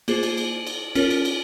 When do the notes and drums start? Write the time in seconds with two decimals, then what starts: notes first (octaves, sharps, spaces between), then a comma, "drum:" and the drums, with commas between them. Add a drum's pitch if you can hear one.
0.08 A#3 F4 G#4 C5, drum: cymbal
0.23 drum: cymbal
0.37 drum: cymbal
0.67 drum: cymbal
0.95 C#4 F4 A#4 C#5, drum: cymbal
1.10 drum: cymbal
1.25 drum: cymbal